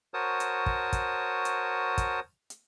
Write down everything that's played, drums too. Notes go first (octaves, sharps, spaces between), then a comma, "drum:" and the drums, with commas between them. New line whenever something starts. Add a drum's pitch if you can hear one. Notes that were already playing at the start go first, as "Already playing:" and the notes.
F#4 A#4 C5 C#5 A5 D#6
drum: hi-hat
drum: kick
drum: kick, hi-hat
drum: hi-hat
drum: kick, hi-hat
drum: hi-hat